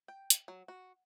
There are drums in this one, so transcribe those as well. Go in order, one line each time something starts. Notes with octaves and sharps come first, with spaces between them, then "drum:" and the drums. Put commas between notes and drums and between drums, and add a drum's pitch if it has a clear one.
G5
drum: hi-hat
F#3
F#4